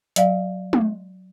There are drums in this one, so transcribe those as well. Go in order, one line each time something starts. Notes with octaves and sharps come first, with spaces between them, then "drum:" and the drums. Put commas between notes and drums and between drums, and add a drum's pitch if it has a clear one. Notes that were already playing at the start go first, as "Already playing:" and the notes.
F#3 D5 F5, drum: hi-hat
drum: tom G#3